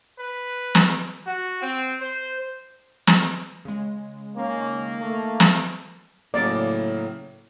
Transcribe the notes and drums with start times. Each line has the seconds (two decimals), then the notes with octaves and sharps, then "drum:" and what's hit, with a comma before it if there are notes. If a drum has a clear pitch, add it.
0.19 B4
0.75 drum: snare
1.26 F#4
1.62 C4
2.01 C5
3.07 drum: snare
3.65 C#3 G#3
4.37 D#3 A#3 C#4
5.00 A3
5.40 drum: snare
6.34 A2 C#3 F#3 A#3 D5